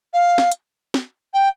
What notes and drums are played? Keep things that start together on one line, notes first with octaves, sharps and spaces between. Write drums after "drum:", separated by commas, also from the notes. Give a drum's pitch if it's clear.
F5
drum: snare
drum: hi-hat
drum: snare
G5